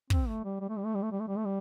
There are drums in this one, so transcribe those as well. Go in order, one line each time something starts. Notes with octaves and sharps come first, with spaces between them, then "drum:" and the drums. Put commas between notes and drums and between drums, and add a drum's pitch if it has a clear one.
C4, drum: kick
A3
G3
G3
A3
G3
A3
G3
A3
G3
A3
G3
A3
G3